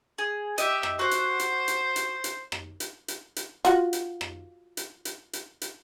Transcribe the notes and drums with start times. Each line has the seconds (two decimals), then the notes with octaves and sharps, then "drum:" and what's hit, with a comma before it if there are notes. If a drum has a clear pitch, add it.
0.18 G#4
0.58 G4 D#5 E5, drum: hi-hat
0.83 drum: rim click
0.99 F#4 C5 F#6
1.11 drum: hi-hat
1.39 drum: hi-hat
1.68 drum: hi-hat
1.96 drum: hi-hat
2.24 drum: hi-hat
2.52 drum: rim click
2.80 drum: hi-hat
3.08 drum: hi-hat
3.36 drum: hi-hat
3.65 F4 F#4, drum: hi-hat
3.93 drum: hi-hat
4.21 drum: rim click
4.77 drum: hi-hat
5.05 drum: hi-hat
5.33 drum: hi-hat
5.61 drum: hi-hat